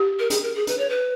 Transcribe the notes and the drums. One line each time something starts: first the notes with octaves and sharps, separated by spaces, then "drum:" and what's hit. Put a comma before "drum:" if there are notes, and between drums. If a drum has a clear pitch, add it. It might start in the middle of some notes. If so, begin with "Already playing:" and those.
Already playing: G4
A#4
G#4, drum: hi-hat
A#4
G#4
B4, drum: hi-hat
C#5
B4